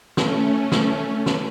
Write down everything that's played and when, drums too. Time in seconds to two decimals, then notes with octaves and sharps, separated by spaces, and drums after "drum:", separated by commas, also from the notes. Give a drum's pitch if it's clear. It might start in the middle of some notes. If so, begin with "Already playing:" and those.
0.17 A3 C#4, drum: snare
0.72 drum: snare
1.26 drum: snare